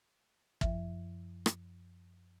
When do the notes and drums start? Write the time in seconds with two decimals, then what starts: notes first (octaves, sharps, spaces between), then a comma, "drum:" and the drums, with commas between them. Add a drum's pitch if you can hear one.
0.61 F#2 F3 E5, drum: kick
1.46 drum: rim click